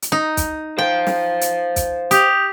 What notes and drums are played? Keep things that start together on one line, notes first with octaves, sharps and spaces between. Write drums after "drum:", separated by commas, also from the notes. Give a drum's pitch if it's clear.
drum: hi-hat
D#4
drum: kick, hi-hat
C5 F5 G5
drum: snare
drum: hi-hat
drum: kick, hi-hat
G4 D#6 G6 F7, drum: hi-hat